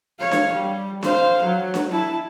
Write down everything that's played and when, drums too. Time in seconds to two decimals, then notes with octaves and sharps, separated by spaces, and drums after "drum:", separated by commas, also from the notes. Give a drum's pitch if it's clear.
0.19 C#5 F5
0.31 drum: snare D4
0.53 G3
1.03 C5 F5, drum: snare D4
1.44 F#3
1.74 drum: snare D4
1.91 E4 A5